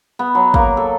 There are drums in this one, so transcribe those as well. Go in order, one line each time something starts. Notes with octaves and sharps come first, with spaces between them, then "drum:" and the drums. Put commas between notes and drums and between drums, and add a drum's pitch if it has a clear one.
B3
F#3
A#3, drum: kick
A4